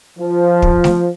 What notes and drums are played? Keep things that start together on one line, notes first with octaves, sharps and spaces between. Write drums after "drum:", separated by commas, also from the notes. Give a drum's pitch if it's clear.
F3
drum: kick
drum: snare A3